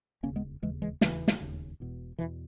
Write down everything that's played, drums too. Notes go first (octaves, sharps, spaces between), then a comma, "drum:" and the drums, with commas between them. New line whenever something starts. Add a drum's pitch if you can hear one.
E1 D#2 C#3 A#3 C#4
G#3 B3
E1 D#2 C#3 E3 G#3
E3 G#3
E1 D#2 C#3 E3, drum: snare
drum: snare
E1 D#2 C#3
E1 E2 B2
E2 B2 E3